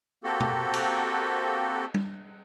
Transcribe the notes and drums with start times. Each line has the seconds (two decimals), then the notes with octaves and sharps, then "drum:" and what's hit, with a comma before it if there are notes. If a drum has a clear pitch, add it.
0.24 A#3 C4 F#4 G4 A4
0.40 drum: tom
0.74 drum: cymbal
1.94 drum: tom G3